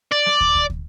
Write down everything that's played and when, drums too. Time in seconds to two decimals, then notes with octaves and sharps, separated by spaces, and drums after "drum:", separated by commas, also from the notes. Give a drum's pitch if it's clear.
0.12 D5
0.26 drum: snare
0.41 drum: kick
0.55 drum: kick
0.70 drum: kick